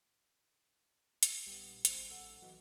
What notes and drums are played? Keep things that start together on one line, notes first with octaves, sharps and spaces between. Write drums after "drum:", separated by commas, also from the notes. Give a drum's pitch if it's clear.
drum: hi-hat
A#1 G3 B3
G#1 C4, drum: hi-hat
A#1 A4 F#5
B2 E3 F#3